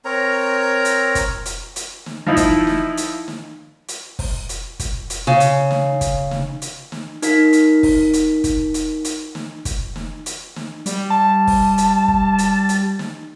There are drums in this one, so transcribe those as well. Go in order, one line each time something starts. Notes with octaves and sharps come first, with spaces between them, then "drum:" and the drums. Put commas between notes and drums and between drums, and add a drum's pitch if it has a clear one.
C4 A#4 C#5 A#5
drum: hi-hat
drum: kick, hi-hat
drum: hi-hat
drum: hi-hat
drum: snare
F3 D#4 E4
drum: kick, hi-hat
drum: snare
drum: hi-hat
drum: snare
drum: hi-hat
drum: kick, open hi-hat
drum: hi-hat
drum: kick, hi-hat
drum: hi-hat
C#3
drum: hi-hat
drum: snare
drum: kick, hi-hat
drum: snare
drum: hi-hat
drum: snare
D#4 A#4 F5 B6, drum: hi-hat
drum: hi-hat
drum: kick, open hi-hat
drum: hi-hat
drum: kick, hi-hat
drum: hi-hat
drum: hi-hat
drum: snare
drum: kick, hi-hat
drum: snare
drum: hi-hat
drum: snare
G3, drum: hi-hat
A5
drum: kick, open hi-hat
drum: hi-hat
drum: kick
drum: hi-hat
drum: hi-hat
drum: snare